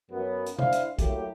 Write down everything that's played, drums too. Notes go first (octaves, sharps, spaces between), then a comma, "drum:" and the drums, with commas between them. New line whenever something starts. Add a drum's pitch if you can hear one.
F#2 F#3 B3
drum: hi-hat
D4 E4 C5 F5, drum: tom B2
drum: hi-hat
F#3 A3 A#3 E4 G4, drum: kick, hi-hat